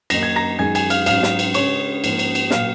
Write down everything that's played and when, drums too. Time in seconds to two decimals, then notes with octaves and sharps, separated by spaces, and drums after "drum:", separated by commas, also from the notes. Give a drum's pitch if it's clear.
0.10 F#2 D#3 A#3 D#4 A#6, drum: cymbal
0.23 G#6
0.36 A#5 A#6
0.59 F#2 D#3 G#3 G#5 G#6
0.75 G#5 G#6, drum: cymbal
0.90 F5 F6, drum: cymbal
1.06 G#2 F#3 C#4 F5 F6, drum: cymbal
1.23 drum: snare
1.39 drum: cymbal
1.54 C#3 G#3 C#4 C#5 C#6, drum: cymbal
2.04 G#2 F3 A#3 C#4, drum: cymbal
2.19 drum: cymbal
2.35 drum: cymbal
2.51 A#2 F#3 A#3 F5 F6, drum: snare